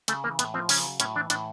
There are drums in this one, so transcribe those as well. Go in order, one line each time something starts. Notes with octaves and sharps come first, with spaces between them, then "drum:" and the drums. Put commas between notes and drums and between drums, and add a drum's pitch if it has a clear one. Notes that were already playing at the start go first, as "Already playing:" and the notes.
C#3 A3, drum: hi-hat
E3 A#3
A2 B3, drum: hi-hat
F3 C4
C#3 C#4, drum: open hi-hat
F#3
A2 C#4, drum: hi-hat
E3 D4
A2 D4, drum: hi-hat